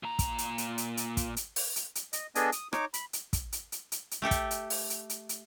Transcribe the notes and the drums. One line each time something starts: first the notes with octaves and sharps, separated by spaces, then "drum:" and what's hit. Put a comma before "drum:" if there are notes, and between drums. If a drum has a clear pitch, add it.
A#2 A#5
drum: kick, hi-hat
drum: hi-hat
drum: hi-hat
drum: hi-hat
drum: hi-hat
drum: kick, hi-hat
drum: hi-hat
drum: open hi-hat
drum: hi-hat
drum: hi-hat
D#5, drum: hi-hat
B3 D4 G#4 A4 D#5 G#5, drum: hi-hat
D#6, drum: hi-hat
D#4 C#5 D6, drum: rim click
B5, drum: hi-hat
drum: hi-hat
drum: kick, hi-hat
drum: hi-hat
drum: hi-hat
drum: hi-hat
drum: hi-hat
A3 G4 A4 E5
drum: kick, hi-hat
drum: hi-hat
drum: open hi-hat
drum: hi-hat
drum: hi-hat
drum: hi-hat